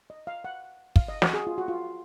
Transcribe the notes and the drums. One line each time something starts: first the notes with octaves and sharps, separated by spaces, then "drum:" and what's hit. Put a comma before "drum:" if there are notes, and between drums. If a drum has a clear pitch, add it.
D#5
F5
F#5
F5, drum: kick
D#5
F#4, drum: snare
G#4
F4
F#4
F4